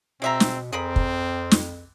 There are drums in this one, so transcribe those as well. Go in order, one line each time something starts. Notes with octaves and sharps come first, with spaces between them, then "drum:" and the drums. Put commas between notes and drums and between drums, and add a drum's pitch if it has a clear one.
B2 G#3 C4 E5 A#5
drum: snare
F2 C4 G#4 A#4 B5
drum: kick
drum: snare